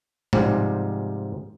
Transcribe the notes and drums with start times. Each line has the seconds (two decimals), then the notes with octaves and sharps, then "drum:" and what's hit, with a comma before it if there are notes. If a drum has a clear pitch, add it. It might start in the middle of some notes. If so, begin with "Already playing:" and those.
0.33 G#2 C3 F3 G3 G#3, drum: tom A2